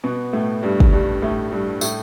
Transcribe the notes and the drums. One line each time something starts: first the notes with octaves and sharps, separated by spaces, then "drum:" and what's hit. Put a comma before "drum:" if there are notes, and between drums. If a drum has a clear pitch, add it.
B2 B3
A2 A3
G2 G3
drum: kick
G2 G3
A2 A3
G2 G3
A2 A3, drum: tambourine